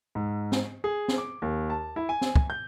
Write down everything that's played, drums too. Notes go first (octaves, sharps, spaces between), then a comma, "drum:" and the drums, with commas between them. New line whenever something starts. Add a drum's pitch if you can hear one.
G#2
drum: snare
G#4
drum: snare
D6
D#2
A5
E4
G#5
drum: snare
drum: kick
G6